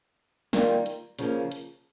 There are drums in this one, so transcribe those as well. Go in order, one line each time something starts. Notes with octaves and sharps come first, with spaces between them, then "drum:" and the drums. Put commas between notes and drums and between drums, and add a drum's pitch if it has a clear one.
D#3 G3 A#3 F4, drum: snare
drum: hi-hat
C#3 F3 A#3, drum: hi-hat
drum: hi-hat